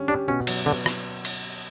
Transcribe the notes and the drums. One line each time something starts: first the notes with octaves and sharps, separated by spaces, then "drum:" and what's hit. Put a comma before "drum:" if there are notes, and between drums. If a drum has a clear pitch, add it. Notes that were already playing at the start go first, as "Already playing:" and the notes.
Already playing: D3 G3 C#4
D4 G4
B2 C#4
F#3, drum: cymbal
D3 B3
drum: rim click
drum: cymbal